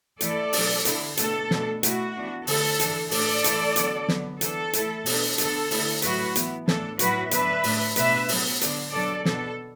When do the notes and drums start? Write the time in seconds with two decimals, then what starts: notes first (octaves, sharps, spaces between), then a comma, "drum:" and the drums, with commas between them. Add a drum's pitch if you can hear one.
0.21 E3 A3 E4 A4 D5, drum: hi-hat
0.53 B2 F#3 D4, drum: open hi-hat
0.85 D3 A3 E4, drum: hi-hat
1.17 B2 A3 D4 A4, drum: hi-hat
1.51 B2 A3 D4, drum: snare
1.83 B2 A3 E4 F#4, drum: hi-hat
2.15 E3 B3 D4
2.47 D3 A3 E4 A4, drum: open hi-hat
2.80 E3 D4, drum: hi-hat
3.11 A2 A3 D4 A4 D5, drum: open hi-hat
3.44 E3 A3 E4, drum: hi-hat
3.76 D3 F#3 B3 D4, drum: hi-hat
4.08 D3 F#3 B3, drum: snare
4.41 E3 B3 D4 A4, drum: hi-hat
4.73 E3 A3 E4, drum: hi-hat
5.06 B2 B3 D4, drum: open hi-hat
5.38 D3 B3 D4 A4, drum: hi-hat
5.71 D3 A3 E4, drum: open hi-hat
6.02 A2 F#3 A3 E4 F#4 B4, drum: hi-hat
6.36 E3 B3 E4, drum: hi-hat
6.68 A2 E3 D4 A4, drum: snare
6.99 A2 F#3 B3 E4 F#4 B4, drum: hi-hat
7.31 D3 F#3 B3 D4 B4 E5, drum: hi-hat
7.64 A2 A3 D4, drum: open hi-hat
7.96 B2 A3 D4 B4 E5, drum: hi-hat
8.29 A2 F#3 B3, drum: open hi-hat
8.61 D3 B3 D4, drum: hi-hat
8.93 B2 F#3 D4 A4 D5
9.25 B2 B3 D4 A4, drum: snare